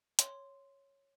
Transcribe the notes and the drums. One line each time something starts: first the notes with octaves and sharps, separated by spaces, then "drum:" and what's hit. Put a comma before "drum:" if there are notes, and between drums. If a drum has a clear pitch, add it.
C#5 C6, drum: hi-hat